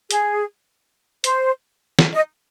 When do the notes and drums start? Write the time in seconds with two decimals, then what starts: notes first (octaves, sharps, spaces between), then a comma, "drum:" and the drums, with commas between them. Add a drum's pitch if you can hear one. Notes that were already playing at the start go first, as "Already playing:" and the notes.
0.11 G#4, drum: hi-hat
1.24 C5, drum: hi-hat
1.99 drum: snare
2.13 D#5